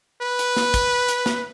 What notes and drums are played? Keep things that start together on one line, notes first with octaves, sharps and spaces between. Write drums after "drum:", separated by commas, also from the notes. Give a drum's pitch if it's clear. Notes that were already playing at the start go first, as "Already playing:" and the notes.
B4
drum: hi-hat
drum: snare
drum: kick, hi-hat
drum: hi-hat
drum: snare